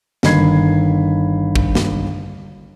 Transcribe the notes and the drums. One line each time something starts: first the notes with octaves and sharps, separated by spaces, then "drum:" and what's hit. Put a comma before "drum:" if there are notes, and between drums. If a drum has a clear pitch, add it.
G1 D#3 D#4 B5 G#6 C7, drum: snare
drum: kick
drum: snare